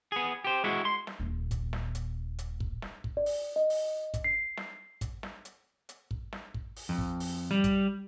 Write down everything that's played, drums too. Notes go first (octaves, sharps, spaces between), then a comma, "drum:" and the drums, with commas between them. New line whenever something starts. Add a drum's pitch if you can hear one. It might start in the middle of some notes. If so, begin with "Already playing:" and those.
B3 G#4
G4 C5
G#3 E4 F#4
C6
drum: snare
D#1 A#2
drum: kick, hi-hat
drum: snare
drum: hi-hat
drum: hi-hat
drum: kick
drum: snare
drum: kick
D5
drum: open hi-hat
D#5
drum: open hi-hat
drum: kick, hi-hat
C7
drum: snare
drum: kick, hi-hat
drum: snare
drum: hi-hat
drum: hi-hat
drum: kick
drum: snare
drum: kick
drum: open hi-hat
F2
drum: kick
drum: open hi-hat
G3
drum: kick, hi-hat